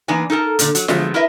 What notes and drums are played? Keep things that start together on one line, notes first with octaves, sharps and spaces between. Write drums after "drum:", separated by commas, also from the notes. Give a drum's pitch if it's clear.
E3 A#3 B3 D4 D#4 G#5
D#4 A4 A#4 A5
A#2 D3, drum: hi-hat
F#3, drum: hi-hat
D3 F3 F#3 G#3 A3 B3, drum: snare F4
E4 A#4 B4 D#5 E5